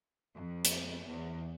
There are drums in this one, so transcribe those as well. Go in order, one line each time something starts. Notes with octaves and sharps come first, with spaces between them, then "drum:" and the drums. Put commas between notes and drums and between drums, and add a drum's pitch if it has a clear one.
F2
drum: hi-hat
E2